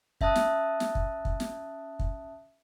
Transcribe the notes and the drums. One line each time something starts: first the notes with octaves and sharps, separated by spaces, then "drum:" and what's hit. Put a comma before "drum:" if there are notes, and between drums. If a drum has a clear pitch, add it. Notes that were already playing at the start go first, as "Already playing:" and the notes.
C#4 E5 A5 D#6 F#6 A6, drum: kick
drum: snare
drum: snare
drum: kick
drum: kick
drum: snare
drum: kick